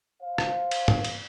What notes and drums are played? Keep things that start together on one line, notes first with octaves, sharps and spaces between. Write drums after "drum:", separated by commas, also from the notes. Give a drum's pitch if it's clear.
C5 F5
drum: rim click
drum: cymbal
drum: tom G2
drum: cymbal